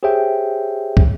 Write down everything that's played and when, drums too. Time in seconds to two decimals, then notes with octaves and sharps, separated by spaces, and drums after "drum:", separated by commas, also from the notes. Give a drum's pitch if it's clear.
0.03 G4 G#4 C5 C#5 E5 G5
0.97 drum: kick